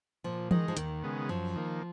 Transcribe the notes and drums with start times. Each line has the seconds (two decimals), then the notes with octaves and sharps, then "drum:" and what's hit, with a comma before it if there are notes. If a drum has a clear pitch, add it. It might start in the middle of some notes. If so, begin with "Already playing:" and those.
0.24 A#2 F3
0.51 D#3 G#3 D#4, drum: tom E3
0.68 F3
0.77 D#2 D#3, drum: hi-hat
1.03 C#3 G#3 B3
1.29 F#2 F3
1.56 D#3 A#3